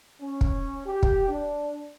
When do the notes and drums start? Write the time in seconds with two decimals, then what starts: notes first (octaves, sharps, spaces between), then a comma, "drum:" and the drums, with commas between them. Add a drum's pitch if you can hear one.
0.20 C#4
0.41 drum: kick
0.86 G4
1.03 drum: kick
1.28 D4